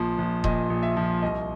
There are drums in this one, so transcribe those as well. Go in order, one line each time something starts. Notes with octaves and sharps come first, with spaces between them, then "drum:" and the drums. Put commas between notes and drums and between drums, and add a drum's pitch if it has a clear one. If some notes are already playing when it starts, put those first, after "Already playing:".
Already playing: A#1 F3
A#1
A#2 D#5, drum: kick E1
A#1
E5
F3
C2 D#5